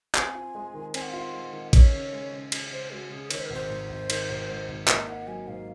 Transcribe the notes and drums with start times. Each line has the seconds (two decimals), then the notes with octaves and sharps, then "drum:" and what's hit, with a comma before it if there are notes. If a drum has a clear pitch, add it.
0.15 C4 G#5, drum: clap
0.35 F4
0.55 G#3
0.74 D#3
0.94 C4 G#5, drum: cymbal
1.02 F#5
1.09 F5
1.13 F4 F#5
1.34 G#3
1.53 D#3
1.73 C#4 C#5, drum: kick, cymbal
1.93 C#3
2.13 G#3
2.32 C#3
2.52 C#4, drum: cymbal
2.71 C#3 C5
2.91 G#3 F#4
3.10 C#3 G#4
3.30 D#3 C#5, drum: cymbal
3.38 C5
3.46 A#4
3.50 G#1 C5
3.70 G#2
3.89 G#1
4.10 D#3, drum: cymbal
4.29 G#1
4.49 G#2
4.68 G#1
4.88 A#3 D#5, drum: clap
5.07 D#4 F#5
5.28 F#3 G#5
5.47 G#2 F5